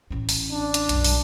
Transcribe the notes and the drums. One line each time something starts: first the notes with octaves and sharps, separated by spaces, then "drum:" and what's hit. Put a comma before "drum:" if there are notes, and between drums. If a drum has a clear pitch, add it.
A1 C#4
drum: open hi-hat
D4
drum: hi-hat
B1 F#2, drum: hi-hat
drum: open hi-hat